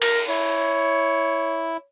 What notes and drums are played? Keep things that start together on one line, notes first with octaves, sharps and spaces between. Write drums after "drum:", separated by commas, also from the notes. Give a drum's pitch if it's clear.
A#4, drum: cymbal
E4 C#5